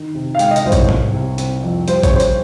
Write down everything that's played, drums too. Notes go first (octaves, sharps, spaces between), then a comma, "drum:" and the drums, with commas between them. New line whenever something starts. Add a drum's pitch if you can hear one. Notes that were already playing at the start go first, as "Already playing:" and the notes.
Already playing: D#3
C3
F5
G#3 G5, drum: hi-hat
D#5
F5, drum: hi-hat
C2 C5
C#5, drum: kick A#1, hi-hat
G3, drum: tom G#2
C3
C4, drum: hi-hat
F2
G3 C5, drum: hi-hat
C#5, drum: kick A#1, hi-hat
C#3 C5
C#5, drum: hi-hat